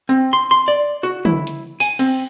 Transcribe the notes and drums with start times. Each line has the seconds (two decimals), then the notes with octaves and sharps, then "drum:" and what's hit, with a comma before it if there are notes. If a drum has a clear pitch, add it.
0.09 C4
0.33 C6
0.51 C6
0.68 D5
1.03 F#4
1.25 E4, drum: tom
1.47 drum: hi-hat
1.80 G#5, drum: open hi-hat
1.99 C4, drum: cymbal